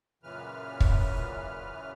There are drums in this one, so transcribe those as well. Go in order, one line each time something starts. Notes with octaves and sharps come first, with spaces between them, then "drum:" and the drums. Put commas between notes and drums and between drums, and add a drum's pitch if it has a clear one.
F#2 A#2 C#3 E3 B4 F6
drum: kick